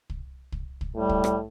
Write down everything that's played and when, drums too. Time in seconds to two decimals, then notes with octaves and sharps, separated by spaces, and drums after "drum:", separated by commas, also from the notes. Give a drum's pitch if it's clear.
0.10 drum: kick
0.52 drum: kick
0.81 drum: kick
0.95 A2 G3
1.09 drum: kick
1.24 drum: rim click